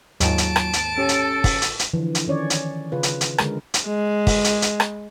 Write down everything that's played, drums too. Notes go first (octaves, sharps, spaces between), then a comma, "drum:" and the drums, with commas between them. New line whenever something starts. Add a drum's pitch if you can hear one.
D#2 G#2 F#3 F4 A5 D7, drum: hi-hat
drum: hi-hat
drum: rim click
drum: hi-hat
C#4 G4 A4 C#5
drum: hi-hat
drum: kick, open hi-hat
drum: hi-hat
drum: hi-hat
D3 E3 F3
drum: hi-hat
D#3 C#4 C#5 D5
drum: hi-hat
C#3 F4 B4
drum: hi-hat
drum: hi-hat
D3 G#3 A#4, drum: rim click
drum: hi-hat
G#3
drum: kick, open hi-hat
drum: hi-hat
drum: hi-hat
drum: rim click